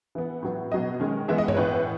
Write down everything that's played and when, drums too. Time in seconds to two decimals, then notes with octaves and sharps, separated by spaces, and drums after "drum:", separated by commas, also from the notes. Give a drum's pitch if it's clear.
0.15 E3 B3
0.42 A2 F#3 B3
0.72 B2 F#3 B3 D#5
1.00 D#3 G#3 C#4
1.28 E3 G#3 B3 E5
1.38 D#5
1.48 C#5, drum: tom G2
1.57 A2 E3 B3 B4